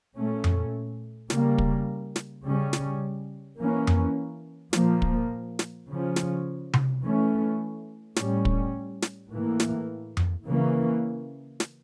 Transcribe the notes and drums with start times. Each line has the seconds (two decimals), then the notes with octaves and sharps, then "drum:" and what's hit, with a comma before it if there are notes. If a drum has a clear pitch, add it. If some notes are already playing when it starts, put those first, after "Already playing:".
0.15 A#2 A3 C#4
0.44 drum: tom F2
1.30 C#3 G3 A#3, drum: snare
1.58 drum: kick
2.16 drum: snare
2.44 C#3 G3 C#4
2.73 drum: snare
3.58 E3 A#3 C#4
3.87 drum: tom F2
4.73 A#2 F3 A#3, drum: snare
5.02 drum: kick
5.59 drum: snare
5.88 C#3 F3 C#4
6.16 drum: snare
6.73 drum: tom C3
7.02 E3 A3 C#4
8.16 A2 G3 C#4, drum: snare
8.45 drum: kick
9.02 drum: snare
9.31 A2 E3 A#3
9.60 drum: snare
10.17 drum: tom F2
10.46 C#3 E3 A#3 C#4
11.60 drum: snare